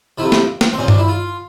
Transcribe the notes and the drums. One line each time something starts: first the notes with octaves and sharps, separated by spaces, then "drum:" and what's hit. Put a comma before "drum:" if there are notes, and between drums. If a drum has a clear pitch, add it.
F2 C3 F3 E4
drum: snare
drum: snare
C4
A#2 F3 C#4
D4, drum: tom G2
E4
F4